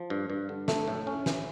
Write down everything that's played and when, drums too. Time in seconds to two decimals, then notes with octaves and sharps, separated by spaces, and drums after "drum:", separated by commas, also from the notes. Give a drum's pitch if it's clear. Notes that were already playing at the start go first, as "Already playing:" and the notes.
Already playing: F3
0.10 G2
0.30 G2
0.49 D3
0.68 A3, drum: snare
0.88 A2
1.07 C#4
1.26 E3, drum: snare